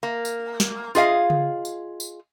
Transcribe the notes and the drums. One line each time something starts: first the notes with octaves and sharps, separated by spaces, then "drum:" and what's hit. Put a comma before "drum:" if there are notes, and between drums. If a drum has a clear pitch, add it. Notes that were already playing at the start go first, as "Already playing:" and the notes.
A#3
drum: tambourine
drum: snare
F4 G#4 D#5 F5, drum: tambourine
drum: tom C#3
drum: tambourine
drum: tambourine